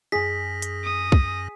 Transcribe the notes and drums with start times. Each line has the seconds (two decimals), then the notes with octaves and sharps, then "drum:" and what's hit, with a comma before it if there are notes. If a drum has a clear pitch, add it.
0.12 F#2 G#4 A#6 B6
0.62 drum: hi-hat
0.84 D#6
1.12 drum: kick